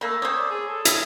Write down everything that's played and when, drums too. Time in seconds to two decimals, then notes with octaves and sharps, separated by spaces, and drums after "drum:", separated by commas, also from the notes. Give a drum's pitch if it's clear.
0.01 A3 A#3 B5 E6
0.22 C4 C5 C#5 D#6
0.36 D5
0.51 G#4 G#6
0.68 A4
0.85 E4, drum: hi-hat